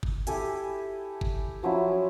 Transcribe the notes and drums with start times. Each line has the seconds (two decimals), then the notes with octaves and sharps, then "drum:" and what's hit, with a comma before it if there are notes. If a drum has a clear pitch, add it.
0.03 drum: kick G1
0.27 E4 G4 A4 G#5, drum: hi-hat
1.21 drum: kick G1
1.63 F3 F#3 C#4 E4